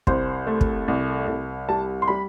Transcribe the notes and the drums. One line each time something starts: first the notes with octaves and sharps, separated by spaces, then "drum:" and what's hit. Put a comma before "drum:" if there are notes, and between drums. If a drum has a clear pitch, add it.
C2 C5, drum: kick
A3
drum: kick
C2
C2
G3 A5
C6
G3 B5